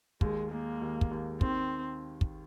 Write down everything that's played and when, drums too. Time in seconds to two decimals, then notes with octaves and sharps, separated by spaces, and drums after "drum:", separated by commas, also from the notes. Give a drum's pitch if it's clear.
0.21 D#2 G#3, drum: kick
0.51 G#3 A#3
0.82 D#2
1.01 drum: kick
1.11 D#2
1.41 D#3 C4, drum: kick
2.21 drum: kick